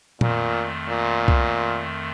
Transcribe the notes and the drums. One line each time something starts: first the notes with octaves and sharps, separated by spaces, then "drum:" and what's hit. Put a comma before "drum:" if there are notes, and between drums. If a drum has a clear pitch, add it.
F2 A#2 D#3 A3, drum: tom A#2
A#2
drum: kick C2